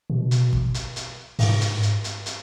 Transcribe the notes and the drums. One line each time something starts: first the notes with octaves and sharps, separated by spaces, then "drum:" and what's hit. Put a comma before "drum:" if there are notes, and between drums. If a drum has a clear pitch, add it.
B2
drum: hi-hat
drum: kick
drum: hi-hat
drum: hi-hat
G#2, drum: open hi-hat
drum: hi-hat
drum: hi-hat
drum: hi-hat
drum: hi-hat